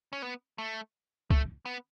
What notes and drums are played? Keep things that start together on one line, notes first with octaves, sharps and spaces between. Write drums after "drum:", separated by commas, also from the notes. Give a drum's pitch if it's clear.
C#4
B3
A3
A3, drum: kick
B3